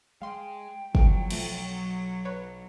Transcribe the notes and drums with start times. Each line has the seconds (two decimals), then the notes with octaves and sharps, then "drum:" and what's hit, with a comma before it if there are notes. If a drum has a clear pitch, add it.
0.22 G#3 F5 G5 C6
0.95 C#2 F3 F#3 G#3, drum: kick
1.31 B1 F3 A3, drum: cymbal
2.25 B4 C#5